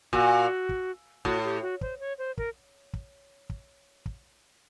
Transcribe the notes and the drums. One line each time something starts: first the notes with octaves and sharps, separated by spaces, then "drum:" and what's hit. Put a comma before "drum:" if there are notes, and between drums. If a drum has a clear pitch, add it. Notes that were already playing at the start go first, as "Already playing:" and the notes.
A#2 F#4, drum: kick
drum: kick
A2 F#4, drum: kick
G4
F#4
C5, drum: kick
C#5
C5
A#4, drum: kick
drum: kick
drum: kick
drum: kick